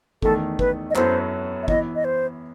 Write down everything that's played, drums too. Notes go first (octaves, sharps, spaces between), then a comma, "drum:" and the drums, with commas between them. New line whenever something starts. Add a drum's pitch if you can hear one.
E2 D#3 A3 A4, drum: kick
B4, drum: kick
D#5
F#2 F#3 B3 E4 A4 C5, drum: clap
E5
E3 B3 E4 D#5, drum: kick
D#5
C5